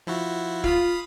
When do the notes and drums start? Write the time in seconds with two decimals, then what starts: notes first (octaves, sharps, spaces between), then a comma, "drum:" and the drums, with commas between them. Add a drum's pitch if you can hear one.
0.07 F3 E4 F#4
0.64 F4 F5 B5 D#6, drum: kick